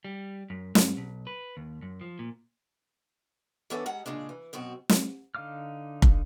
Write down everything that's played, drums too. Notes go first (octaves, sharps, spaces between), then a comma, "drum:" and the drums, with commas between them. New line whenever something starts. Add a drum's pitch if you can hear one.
G3
F#2
G2, drum: snare
B1
B4
D#2
F#2
F3
A#2
E3 B3 C#4 D4 A4
G3 G#3 F#5 A#5
A#2 C#3 G#3 D4
E3
F#2 B2 C4 F#4
drum: snare
D3 D#4 F5 D6 F6
drum: kick